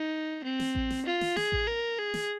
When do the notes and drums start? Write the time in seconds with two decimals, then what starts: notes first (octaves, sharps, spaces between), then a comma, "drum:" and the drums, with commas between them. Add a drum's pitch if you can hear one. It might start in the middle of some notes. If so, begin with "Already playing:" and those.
Already playing: D#4
0.44 C4
0.60 drum: snare
0.75 drum: kick A1
0.90 drum: snare
1.06 F4
1.21 drum: snare
1.37 G#4, drum: snare
1.52 drum: kick A1
1.67 A#4
1.98 G#4
2.14 drum: snare